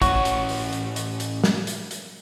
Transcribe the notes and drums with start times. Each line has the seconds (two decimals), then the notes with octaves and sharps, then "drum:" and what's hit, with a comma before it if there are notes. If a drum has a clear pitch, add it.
0.02 A2 C#4 F#4 C#5, drum: kick, hi-hat
0.25 drum: hi-hat
0.49 drum: open hi-hat
0.73 drum: hi-hat
0.96 drum: hi-hat
1.20 drum: hi-hat
1.44 drum: snare
1.67 drum: hi-hat
1.91 drum: hi-hat